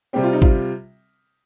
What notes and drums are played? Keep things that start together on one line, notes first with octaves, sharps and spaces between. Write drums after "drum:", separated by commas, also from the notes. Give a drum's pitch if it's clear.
C3 G3 C4 G4
F4
D#4
F4, drum: kick G#1